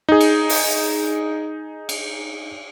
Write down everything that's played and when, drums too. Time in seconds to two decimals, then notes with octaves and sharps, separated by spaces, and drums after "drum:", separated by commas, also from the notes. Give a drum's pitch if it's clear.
0.09 D#4 G#4
0.21 drum: cymbal
0.49 drum: open hi-hat
1.89 drum: cymbal